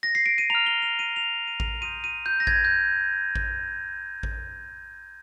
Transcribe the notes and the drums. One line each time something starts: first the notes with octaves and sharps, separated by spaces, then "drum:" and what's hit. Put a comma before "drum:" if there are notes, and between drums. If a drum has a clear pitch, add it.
A#6
C7
D7
D#7
A#5 F6 F7
G7
F7
D#7
F7
D#7
F7, drum: kick A1
C6 D#6 G6 D#7
D#7
G6
A#6
G#6, drum: kick A1
G6
drum: kick A1
drum: kick A1